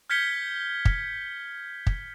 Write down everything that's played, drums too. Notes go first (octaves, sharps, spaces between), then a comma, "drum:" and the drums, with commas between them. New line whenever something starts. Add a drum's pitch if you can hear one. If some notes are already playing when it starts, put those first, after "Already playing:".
F6 G6 G#6 B6 C#7 G7
drum: kick
drum: kick